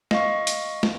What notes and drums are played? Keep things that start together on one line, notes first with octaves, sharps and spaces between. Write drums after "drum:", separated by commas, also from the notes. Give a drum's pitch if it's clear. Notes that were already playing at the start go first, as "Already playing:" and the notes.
D#5 F5 C#6, drum: snare
drum: hi-hat
drum: snare